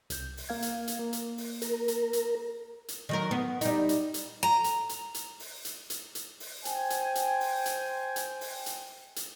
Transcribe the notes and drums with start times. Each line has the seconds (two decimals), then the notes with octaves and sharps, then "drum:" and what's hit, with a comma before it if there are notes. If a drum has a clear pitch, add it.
0.10 C2 G6, drum: hi-hat
0.37 drum: open hi-hat
0.49 A#3 F5 G#6
0.62 drum: hi-hat
0.88 drum: hi-hat
0.99 A#3
1.13 drum: hi-hat
1.38 drum: open hi-hat
1.62 A#4, drum: hi-hat
1.88 drum: hi-hat
2.13 drum: hi-hat
2.88 drum: hi-hat
3.09 D#3 F#3 A#4
3.31 B3
3.61 G3 D#4, drum: hi-hat
3.89 drum: hi-hat
4.14 drum: hi-hat
4.43 A#5
4.64 drum: hi-hat
4.89 drum: hi-hat
5.14 drum: hi-hat
5.40 drum: open hi-hat
5.65 drum: hi-hat
5.90 drum: hi-hat
6.15 drum: hi-hat
6.40 drum: open hi-hat
6.65 C5 G5 G#5, drum: hi-hat
6.90 drum: hi-hat
7.15 drum: hi-hat
7.41 drum: open hi-hat
7.66 drum: hi-hat
8.16 drum: hi-hat
8.41 drum: open hi-hat
8.66 drum: hi-hat
9.16 drum: hi-hat